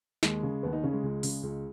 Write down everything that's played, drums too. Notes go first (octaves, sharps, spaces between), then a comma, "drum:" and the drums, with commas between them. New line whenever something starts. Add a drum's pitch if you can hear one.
D#2 G#3, drum: snare
C#3
D#2 B3
D#4
C#3 C#4
G#3
C#2
C#3, drum: open hi-hat
C#2